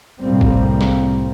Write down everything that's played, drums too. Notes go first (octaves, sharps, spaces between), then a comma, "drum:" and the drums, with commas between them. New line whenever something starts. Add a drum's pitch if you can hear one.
C2 A2 G3 A#3 C4
drum: kick G#1
drum: snare